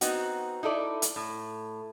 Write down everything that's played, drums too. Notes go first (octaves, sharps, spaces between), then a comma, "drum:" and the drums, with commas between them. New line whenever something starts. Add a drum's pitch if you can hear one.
B3 C4 D#4 F#4, drum: hi-hat
D#4 E4 A4 D5
drum: hi-hat
A2